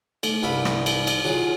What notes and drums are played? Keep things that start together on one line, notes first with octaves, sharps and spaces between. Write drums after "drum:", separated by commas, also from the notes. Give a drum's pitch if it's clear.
A3, drum: cymbal
C2 G2 A#4 E5 B5
drum: rim click
drum: cymbal
drum: cymbal
F#3 F4 G#4